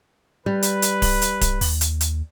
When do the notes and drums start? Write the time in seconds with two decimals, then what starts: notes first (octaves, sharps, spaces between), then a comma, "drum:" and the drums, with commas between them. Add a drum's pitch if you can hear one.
0.46 G3 B4
0.62 drum: hi-hat
0.82 drum: hi-hat
1.02 drum: kick D1, open hi-hat
1.22 drum: hi-hat
1.41 drum: kick D1, hi-hat
1.61 D#2, drum: open hi-hat
1.81 drum: hi-hat
2.01 drum: hi-hat